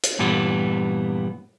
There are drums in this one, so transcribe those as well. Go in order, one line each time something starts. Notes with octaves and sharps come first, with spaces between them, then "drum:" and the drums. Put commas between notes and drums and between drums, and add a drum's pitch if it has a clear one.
drum: hi-hat
G2 A#2 E3 G3 B3